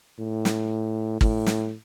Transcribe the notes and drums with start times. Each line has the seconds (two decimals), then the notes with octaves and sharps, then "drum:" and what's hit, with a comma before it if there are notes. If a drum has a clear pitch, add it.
0.19 A2
0.45 drum: snare
1.21 A2, drum: kick G#1
1.47 drum: snare